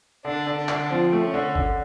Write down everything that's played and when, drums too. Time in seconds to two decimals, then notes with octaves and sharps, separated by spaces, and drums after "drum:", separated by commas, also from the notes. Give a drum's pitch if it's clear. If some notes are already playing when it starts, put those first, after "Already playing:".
0.25 D3 D4
0.47 D3
0.58 D4
0.69 D3, drum: clap
0.90 F3 C4
1.12 A3
1.23 C#4
1.34 D3
1.55 D3, drum: kick G#1